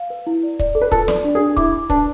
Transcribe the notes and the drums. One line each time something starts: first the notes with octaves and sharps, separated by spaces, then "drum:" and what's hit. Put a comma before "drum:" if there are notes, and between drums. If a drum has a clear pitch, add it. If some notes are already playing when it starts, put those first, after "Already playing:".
Already playing: F5
B4
E4
D5
D5, drum: kick C#1
A4
B4
F4 A4, drum: kick C#1
D5, drum: snare
D4
G#4
D4
E4 D6, drum: kick C#1
D6
D4 B4, drum: kick C#1